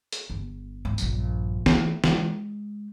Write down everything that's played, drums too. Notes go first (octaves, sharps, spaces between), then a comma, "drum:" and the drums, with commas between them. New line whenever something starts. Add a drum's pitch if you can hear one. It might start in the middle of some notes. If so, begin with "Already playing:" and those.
drum: hi-hat
G1
G#2
A#1 G2, drum: tambourine
A3, drum: snare
G#3, drum: snare